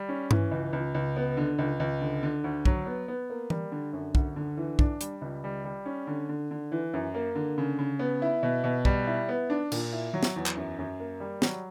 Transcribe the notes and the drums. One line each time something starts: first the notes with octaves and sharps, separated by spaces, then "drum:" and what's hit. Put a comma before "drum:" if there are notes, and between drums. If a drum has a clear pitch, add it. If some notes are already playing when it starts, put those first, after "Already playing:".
Already playing: G3
C#4
E3, drum: tom G2
C#2
C#2
C#2
B3
D3
C#2
C#2
D3
D3
D2
F#3, drum: kick
B3
B3
A#3
G3, drum: tom E3
D3
F#2
D2, drum: kick
D3
E3
D4, drum: kick
G3, drum: hi-hat
C#2
G3
G3
C#4
D3
D3
D3
E3
F#2
A#3
D3
C#3
C#3
B3
E4
B2
B2
G3, drum: kick
E4
B3
D4
A#2, drum: cymbal
E4
F#3
drum: snare
E2
drum: clap
F#2
F#2
A#3
G3
F#3, drum: snare